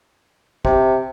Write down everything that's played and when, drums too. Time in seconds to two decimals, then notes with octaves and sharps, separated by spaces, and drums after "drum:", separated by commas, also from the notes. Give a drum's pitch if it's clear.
0.65 C3, drum: kick